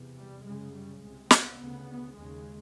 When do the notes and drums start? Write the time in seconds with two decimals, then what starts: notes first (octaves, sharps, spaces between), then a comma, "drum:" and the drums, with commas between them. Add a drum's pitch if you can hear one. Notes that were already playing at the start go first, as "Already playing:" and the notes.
Already playing: E2 C3
0.16 G3
0.44 F#2 C#3 G#3
0.73 G3
1.02 C2 C3 G#3
1.31 C4, drum: snare
1.59 D2 C#3 B3
2.16 D#2 C#3 G#3